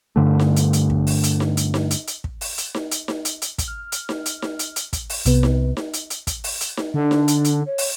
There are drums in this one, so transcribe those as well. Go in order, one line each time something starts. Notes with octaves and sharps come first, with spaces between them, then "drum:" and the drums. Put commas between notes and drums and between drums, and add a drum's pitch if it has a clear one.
G2 D3 A3
drum: snare D#4
drum: hi-hat
drum: hi-hat
drum: kick
drum: open hi-hat
drum: hi-hat
drum: snare D#4
drum: hi-hat
drum: snare D#4
drum: hi-hat
drum: hi-hat
drum: kick
drum: open hi-hat
drum: hi-hat
drum: snare D#4
drum: hi-hat
drum: snare D#4
drum: hi-hat
drum: hi-hat
drum: kick, hi-hat
F6
drum: hi-hat
drum: snare D#4
drum: hi-hat
drum: snare D#4
drum: hi-hat
drum: hi-hat
drum: kick, hi-hat
drum: open hi-hat
C2 C3 B3 B4, drum: hi-hat
drum: snare D#4
drum: snare D#4
drum: hi-hat
drum: hi-hat
drum: kick, hi-hat
drum: open hi-hat
drum: hi-hat
drum: snare D#4
D3 D4
drum: snare D#4
drum: hi-hat
drum: hi-hat
C#5
drum: open hi-hat